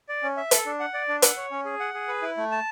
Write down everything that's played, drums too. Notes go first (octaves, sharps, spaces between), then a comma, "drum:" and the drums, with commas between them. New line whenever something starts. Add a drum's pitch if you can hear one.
D5
C#4
E5
A4, drum: hi-hat
D4
F#5
D5
D4
F#5, drum: hi-hat
C#5
C#4
G#4
F#5
G#4
B4
E4
A3
A5